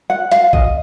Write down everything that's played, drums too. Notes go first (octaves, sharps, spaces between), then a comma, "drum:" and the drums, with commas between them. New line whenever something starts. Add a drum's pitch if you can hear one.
F#5
F5, drum: hi-hat
D#5, drum: kick G#1